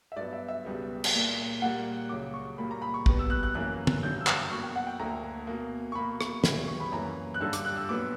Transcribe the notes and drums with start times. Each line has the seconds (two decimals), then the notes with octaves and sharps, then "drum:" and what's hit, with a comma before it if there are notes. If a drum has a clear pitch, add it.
0.12 E5
0.16 G2 F#3 B3 D5
0.33 E5
0.48 E5
0.65 C#2 B2 G3 B3
1.04 drum: cymbal
1.14 A#2 A#3
1.62 A#2 G3 A#3 F#5
2.09 C#2 C#3 F#3 D6
2.34 C#6
2.58 A#2 G3 A#3 B5
2.71 A#5
2.82 B5
2.94 C#6
3.06 B2 G3 B3, drum: kick
3.19 E6
3.30 F#6
3.43 F#6
3.54 F#2 E3 A#3 F#6
3.87 drum: tom
4.03 G2 D3 F#3 G6
4.21 E6
4.27 F#6, drum: clap
4.51 B2 F#3 A#3 C#6
4.63 G5
4.76 F#5
4.87 G5
4.99 D2 D3 A#3 A#5
5.47 B2 A#3
5.92 C#6
5.95 B2 A#3 B5
6.21 C#6, drum: rim click
6.44 D2 C#3 G3 B3, drum: snare
6.68 C#6
6.80 B5
6.92 F#2 E3 A#3 A#5
7.34 F#6
7.41 G2 D3 G3 E6
7.53 D6, drum: hi-hat
7.65 F#6
7.77 E6
7.89 A#2 F#3 B3 D6